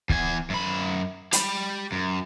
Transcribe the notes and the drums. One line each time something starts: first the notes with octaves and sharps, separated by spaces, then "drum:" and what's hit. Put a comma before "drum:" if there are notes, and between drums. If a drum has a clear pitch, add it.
E2 G#5, drum: kick
F#2 B5
G4 B5, drum: hi-hat
F#2